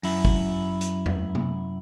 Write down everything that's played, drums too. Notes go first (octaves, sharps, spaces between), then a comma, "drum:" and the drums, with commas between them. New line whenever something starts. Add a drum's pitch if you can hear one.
F#2 E4, drum: open hi-hat
drum: kick
drum: hi-hat
drum: tom E2
drum: tom C3